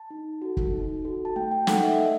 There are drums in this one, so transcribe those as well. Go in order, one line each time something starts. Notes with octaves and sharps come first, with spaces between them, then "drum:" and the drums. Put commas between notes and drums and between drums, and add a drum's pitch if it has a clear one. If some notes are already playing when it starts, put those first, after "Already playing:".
Already playing: A5
D#4
F#4 A4
drum: kick
D#4
F#4 A4
A5
A3 G5
G5
D#4 A4 F#5, drum: snare
E5
A3 D#5